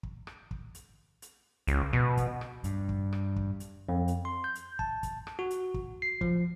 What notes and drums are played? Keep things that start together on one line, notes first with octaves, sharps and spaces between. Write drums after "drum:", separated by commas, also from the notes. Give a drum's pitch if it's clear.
drum: kick
drum: rim click
drum: kick
drum: hi-hat
drum: hi-hat
C#2, drum: hi-hat
B2, drum: kick
drum: kick, hi-hat
drum: rim click
G2, drum: hi-hat
drum: kick
drum: rim click
drum: kick
drum: hi-hat
F2
drum: hi-hat
C6
G6
drum: hi-hat
A5, drum: kick
drum: kick, hi-hat
drum: rim click
F#4
drum: hi-hat
drum: kick
C7
F3, drum: kick